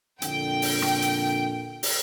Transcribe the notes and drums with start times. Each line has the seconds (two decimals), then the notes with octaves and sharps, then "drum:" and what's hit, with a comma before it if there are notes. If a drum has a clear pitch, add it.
0.22 F2 A#2 D3 G5, drum: hi-hat
0.62 drum: open hi-hat
0.82 drum: rim click
1.02 drum: hi-hat
1.83 drum: open hi-hat